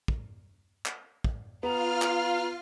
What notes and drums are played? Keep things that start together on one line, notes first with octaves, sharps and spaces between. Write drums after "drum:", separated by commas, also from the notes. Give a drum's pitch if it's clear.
drum: kick
drum: clap
drum: kick
B3 F4 F5 A#5 F6
drum: clap